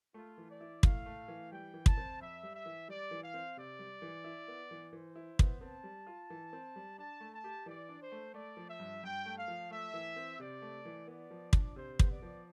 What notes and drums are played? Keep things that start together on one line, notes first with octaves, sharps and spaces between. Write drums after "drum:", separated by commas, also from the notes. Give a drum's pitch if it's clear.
A3 F4
E3
D5
E4
A2 F5, drum: kick
A3
E3
G3 G5
E3
A5, drum: kick
C4
F2 E5
G3
E5
E3
G3 D5
E3
F5
C4
C3 D5
G3
E3
E4
B3
E3
E3 C5
E4
B3, drum: kick
C4 A5
G3
F4
E3
C4
G3
D4 A5
A3
A5
G4
E3 D5
D4
C5
A3
A3 D5
F3
E5
G2
G2 G5
A3
F5
F3
A3 E5
E3
C4
C3 D5
A3
E3
B3 D5
F3
D4, drum: kick
C3 C5
B3, drum: kick
D5
F3